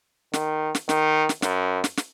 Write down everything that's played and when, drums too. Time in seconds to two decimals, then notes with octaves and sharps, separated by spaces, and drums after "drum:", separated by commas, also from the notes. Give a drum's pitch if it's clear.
0.33 D#3, drum: snare
0.75 drum: snare
0.89 D#3, drum: snare
1.29 drum: snare
1.42 F#2, drum: snare
1.84 drum: snare
1.97 drum: snare